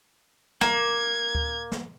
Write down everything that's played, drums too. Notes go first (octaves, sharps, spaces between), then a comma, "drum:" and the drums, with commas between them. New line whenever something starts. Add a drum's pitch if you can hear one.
A#3 G#6, drum: snare
drum: kick D2
drum: snare